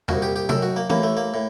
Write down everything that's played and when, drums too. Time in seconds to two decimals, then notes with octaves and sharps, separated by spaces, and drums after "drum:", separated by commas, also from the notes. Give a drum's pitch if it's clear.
0.08 C2 A#2 F#4, drum: tom E2
0.22 G4
0.36 G4
0.49 F#2 D#3 A4, drum: tom
0.62 F#4
0.76 A#3
0.90 A1 A2 A#3, drum: tom
1.03 A3
1.17 A#3
1.34 A2